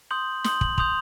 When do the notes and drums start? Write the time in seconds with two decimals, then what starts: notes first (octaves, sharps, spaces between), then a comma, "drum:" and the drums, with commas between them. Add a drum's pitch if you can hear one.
0.11 C6 D#6 G6 F#7
0.44 C6 D#6 G6 F#7, drum: snare
0.61 F#7, drum: kick
0.78 C6 D#6 G6 F7, drum: kick